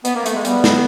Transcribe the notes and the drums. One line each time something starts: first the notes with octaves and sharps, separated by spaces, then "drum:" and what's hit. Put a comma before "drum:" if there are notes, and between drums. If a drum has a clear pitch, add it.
B3, drum: hi-hat
A#3
A3, drum: hi-hat
G#3
G3 B3, drum: hi-hat
drum: snare